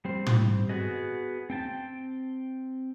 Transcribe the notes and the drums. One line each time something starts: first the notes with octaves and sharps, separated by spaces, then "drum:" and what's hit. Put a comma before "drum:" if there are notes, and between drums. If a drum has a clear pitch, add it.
G3 C4 C5
drum: tom
B3 F#4 G#4 D#5
C4 G5 A5